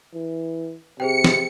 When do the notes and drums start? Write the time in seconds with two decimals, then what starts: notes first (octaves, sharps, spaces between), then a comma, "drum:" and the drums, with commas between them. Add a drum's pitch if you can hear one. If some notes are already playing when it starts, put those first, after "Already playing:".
0.14 E3
1.00 C3 G#4 C5 G5 C#7
1.24 drum: snare